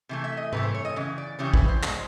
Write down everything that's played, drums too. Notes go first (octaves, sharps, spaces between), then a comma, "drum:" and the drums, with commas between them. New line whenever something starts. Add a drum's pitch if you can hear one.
C3 E3 A3
E5
D#5
C3 E3 A3 B4, drum: tom G#2
C5
C#5
D#5
C#3 E3
D5
C#3 E3 G3 C#5
B4, drum: kick
C5
B2 G#3, drum: clap